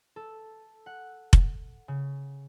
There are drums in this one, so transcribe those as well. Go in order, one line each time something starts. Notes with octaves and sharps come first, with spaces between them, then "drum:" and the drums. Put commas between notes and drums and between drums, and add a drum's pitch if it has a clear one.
A4
F#5
drum: kick F1
C#3